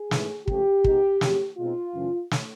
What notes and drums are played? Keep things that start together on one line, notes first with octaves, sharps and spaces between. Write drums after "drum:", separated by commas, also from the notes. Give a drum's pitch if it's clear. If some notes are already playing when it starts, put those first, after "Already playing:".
Already playing: G#4
G#2 E3 A3 C#4, drum: snare
C#2 C3 F3 A3 G4, drum: kick
B2 G#3 B3 D#4, drum: kick
F2 C#3 F#3, drum: snare
B2 G#3 C4 D#4 F4
F#2 C#3 E3 A3 C#4
drum: snare